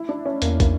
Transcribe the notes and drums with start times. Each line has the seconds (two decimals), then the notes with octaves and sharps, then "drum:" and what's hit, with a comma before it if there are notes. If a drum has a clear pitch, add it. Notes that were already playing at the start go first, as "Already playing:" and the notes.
Already playing: E4
0.09 D4
0.25 C#4
0.42 E2 A#3, drum: hi-hat
0.60 A#3, drum: kick, hi-hat